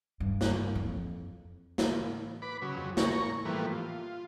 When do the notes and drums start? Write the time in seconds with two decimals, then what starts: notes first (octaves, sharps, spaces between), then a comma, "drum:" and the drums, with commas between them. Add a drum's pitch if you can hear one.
0.20 G2
0.41 drum: snare
0.75 F2
1.78 drum: snare
2.42 B4 B5 D6
2.62 C#3 F#3
2.77 F2 F#3
2.97 C#5 A#5 C#6, drum: snare
3.45 A2 E3 F3 G3 A#3 B3
3.72 F4